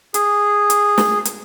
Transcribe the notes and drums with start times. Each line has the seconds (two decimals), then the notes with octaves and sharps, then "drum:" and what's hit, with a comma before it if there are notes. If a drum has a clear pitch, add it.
0.14 G#4, drum: hi-hat
0.70 drum: hi-hat
0.98 drum: snare
1.25 drum: hi-hat